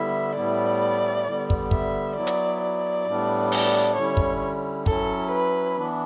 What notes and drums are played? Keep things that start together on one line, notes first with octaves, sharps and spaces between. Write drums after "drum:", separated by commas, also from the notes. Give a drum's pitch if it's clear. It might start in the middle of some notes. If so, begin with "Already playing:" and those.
Already playing: D3 G3 B3 E4 E5
A2 G3 B3 E4 D5
D3 G3 B3
drum: kick
E5, drum: kick
F#3 B3 E4 D5
drum: hi-hat
D5
A2 G3 B3 D4
D5, drum: open hi-hat
D3 G3 C#4 E4 C#5
drum: kick
F#3 C#4 E4 A4, drum: kick
B4
E3 B3 D4